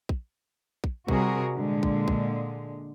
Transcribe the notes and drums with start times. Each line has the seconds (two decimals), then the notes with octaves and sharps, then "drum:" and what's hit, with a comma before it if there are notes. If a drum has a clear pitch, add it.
0.09 drum: kick
0.84 drum: kick
1.08 C3 G3 F#4 G#4 A#4, drum: kick
1.54 A#2 D3 G#3
1.83 drum: kick
2.08 drum: kick